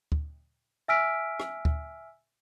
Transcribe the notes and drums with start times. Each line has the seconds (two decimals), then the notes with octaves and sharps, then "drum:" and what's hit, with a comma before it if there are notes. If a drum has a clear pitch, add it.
0.12 drum: kick D2
0.88 E5 G#5 E6 F6 B6 D7
1.40 drum: rim click
1.65 drum: kick D2